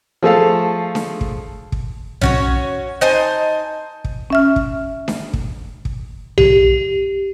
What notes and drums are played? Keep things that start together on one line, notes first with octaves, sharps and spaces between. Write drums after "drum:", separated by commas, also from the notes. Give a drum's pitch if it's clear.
F3 A3 G#4 A4 F5 A5
drum: snare D4
drum: kick
drum: kick
C#4 F#4 C#5, drum: tom B1
D#4 C5 G#5 A5
drum: kick
C#4 E5 F6
drum: kick
drum: snare D4
drum: kick
drum: kick
G4, drum: tom B1